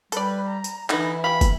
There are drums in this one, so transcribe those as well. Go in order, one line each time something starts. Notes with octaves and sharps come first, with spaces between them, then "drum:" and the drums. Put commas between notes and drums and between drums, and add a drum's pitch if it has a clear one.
G3 A4 B4 D5, drum: tambourine
A#5
drum: tambourine
D3 E3 D#4 E4 B4, drum: clap
G4 F5 B5
drum: kick, tambourine